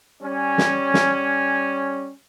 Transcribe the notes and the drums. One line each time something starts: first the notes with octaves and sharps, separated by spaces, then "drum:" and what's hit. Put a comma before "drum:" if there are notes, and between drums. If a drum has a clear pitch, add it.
G3 C#4
drum: snare
drum: snare